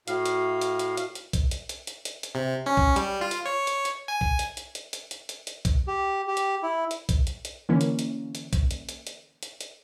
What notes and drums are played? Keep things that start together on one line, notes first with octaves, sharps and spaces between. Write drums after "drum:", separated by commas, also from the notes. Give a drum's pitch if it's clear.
A2 F#4 F5, drum: hi-hat
drum: hi-hat
drum: hi-hat
drum: hi-hat
drum: hi-hat
drum: hi-hat
drum: kick B1, hi-hat
drum: hi-hat
drum: hi-hat
drum: hi-hat
drum: hi-hat
drum: hi-hat
C3
C#4
drum: kick B1
G3, drum: hi-hat
F4
drum: hi-hat
C#5
drum: hi-hat
drum: hi-hat
G#5
drum: kick B1
drum: hi-hat
drum: hi-hat
drum: hi-hat
drum: hi-hat
drum: hi-hat
drum: hi-hat
drum: hi-hat
drum: kick B1, hi-hat
G4
G4
drum: hi-hat
E4
drum: hi-hat
drum: kick B1, hi-hat
drum: hi-hat
drum: hi-hat
D3 E3 A#3 C#4
drum: hi-hat
drum: hi-hat
drum: hi-hat
drum: kick B1, hi-hat
drum: hi-hat
drum: hi-hat
drum: hi-hat
drum: hi-hat
drum: hi-hat